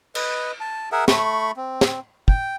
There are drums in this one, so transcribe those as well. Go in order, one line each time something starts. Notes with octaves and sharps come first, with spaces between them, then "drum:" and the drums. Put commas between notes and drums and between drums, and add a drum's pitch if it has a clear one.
B4 D#5, drum: cymbal
A5
G#4 A#4 E5 F#5
A3 B5 C#6, drum: snare
C4
drum: snare
G5, drum: kick